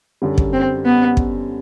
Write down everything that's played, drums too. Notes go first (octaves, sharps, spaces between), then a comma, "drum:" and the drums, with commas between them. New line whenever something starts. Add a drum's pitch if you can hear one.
F#2 D3 G3
drum: kick
C4
B3
drum: kick